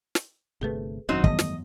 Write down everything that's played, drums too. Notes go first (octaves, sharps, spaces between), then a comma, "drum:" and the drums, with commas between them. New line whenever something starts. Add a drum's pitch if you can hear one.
drum: snare
G1 C3 A3 G#4 A4 B4
D#1 F2 D#3 F#3 C4 C#4 D#4 F#4
G2 D#3 E3 G3 A3 B3 D#5, drum: kick
drum: snare